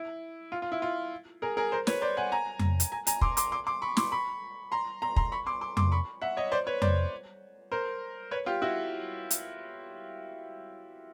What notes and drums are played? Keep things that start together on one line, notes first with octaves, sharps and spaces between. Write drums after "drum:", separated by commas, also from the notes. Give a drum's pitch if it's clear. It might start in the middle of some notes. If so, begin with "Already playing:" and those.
Already playing: E4
F4
F4
E4
F4
G#4 A#4
G#4 A#4
A#4 C5
B4 C#5, drum: snare
C5 D5
F#5 G#5
G#5 A#5
drum: tom F2
drum: hi-hat
G#5 A#5
G#5 A#5, drum: hi-hat
C6 D6, drum: kick
C6 D6, drum: hi-hat
C6 D6
C6 D6
B5 C#6
C6 D6, drum: snare
B5 C#6
A#5 C6
A#5 C6
A#5 C6, drum: kick
B5 C#6
C6 D6
C6 D6
C6 D6, drum: tom F2
B5 C#6
E5 F#5
C#5 D#5
C5 D5
B4 C#5
C5 D5, drum: tom F2
A#4 C5
B4 C#5
F4 G4
E4 F#4
drum: hi-hat